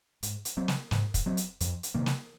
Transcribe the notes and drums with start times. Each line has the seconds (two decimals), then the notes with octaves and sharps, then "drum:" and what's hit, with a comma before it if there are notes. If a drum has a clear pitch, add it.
0.23 G#2, drum: hi-hat
0.45 drum: hi-hat
0.57 F#3 C4
0.68 drum: snare
0.91 G#2, drum: snare
1.14 drum: kick, hi-hat
1.26 F#3 C4
1.37 drum: hi-hat
1.60 F2, drum: hi-hat
1.83 drum: hi-hat
1.94 C3 D#3 A#3
2.06 drum: snare